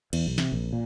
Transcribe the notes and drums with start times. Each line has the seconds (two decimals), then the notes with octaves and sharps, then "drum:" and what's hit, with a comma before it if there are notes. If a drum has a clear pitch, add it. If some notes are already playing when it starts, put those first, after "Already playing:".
0.13 E2, drum: cymbal
0.27 B1
0.38 C3, drum: snare
0.52 A#1
0.73 A#2